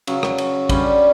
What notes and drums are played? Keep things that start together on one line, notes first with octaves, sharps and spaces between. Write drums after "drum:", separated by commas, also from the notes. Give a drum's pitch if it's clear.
C#3 F#3 C#4, drum: cymbal
drum: rim click
drum: cymbal
D3 G3 C#4, drum: kick, cymbal